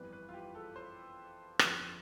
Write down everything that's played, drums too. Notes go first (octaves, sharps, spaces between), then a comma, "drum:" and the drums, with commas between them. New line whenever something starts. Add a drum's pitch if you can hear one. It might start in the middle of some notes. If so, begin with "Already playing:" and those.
Already playing: G1 F2 E3 G3 B3 B4
B4
F4
G4
A4
C5
G1 F2 D3 F3, drum: rim click